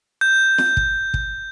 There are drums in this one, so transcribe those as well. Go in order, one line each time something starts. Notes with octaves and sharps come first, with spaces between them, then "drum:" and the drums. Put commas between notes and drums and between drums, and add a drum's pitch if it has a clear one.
G6
drum: snare
drum: kick
drum: kick